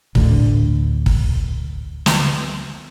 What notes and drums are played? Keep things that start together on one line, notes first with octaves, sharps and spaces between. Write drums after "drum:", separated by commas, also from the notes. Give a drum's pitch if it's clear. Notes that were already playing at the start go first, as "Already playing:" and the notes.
D2 A2 D3, drum: kick
drum: kick
drum: snare